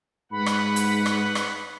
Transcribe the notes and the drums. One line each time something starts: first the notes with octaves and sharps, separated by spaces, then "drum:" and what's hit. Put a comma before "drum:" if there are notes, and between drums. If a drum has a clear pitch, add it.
G#2 B4 F#5 B5
drum: rim click
drum: hi-hat
drum: rim click
drum: rim click